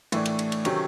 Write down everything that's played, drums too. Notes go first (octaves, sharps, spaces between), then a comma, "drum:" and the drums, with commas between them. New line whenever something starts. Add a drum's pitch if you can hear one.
A2 E3 A3 D4, drum: cymbal
drum: cymbal
drum: cymbal
drum: cymbal
C3 D#3 F#3 A3 C#4, drum: cymbal